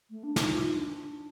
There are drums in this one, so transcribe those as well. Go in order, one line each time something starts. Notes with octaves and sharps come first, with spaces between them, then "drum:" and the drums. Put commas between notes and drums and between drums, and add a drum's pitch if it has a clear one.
A3
D4
D#4, drum: snare
F4
D#4
D4